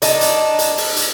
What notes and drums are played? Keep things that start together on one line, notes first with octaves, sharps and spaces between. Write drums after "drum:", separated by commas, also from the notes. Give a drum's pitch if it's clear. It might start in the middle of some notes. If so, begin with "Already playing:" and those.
D4 D#4, drum: hi-hat
drum: hi-hat
drum: hi-hat
drum: open hi-hat
drum: hi-hat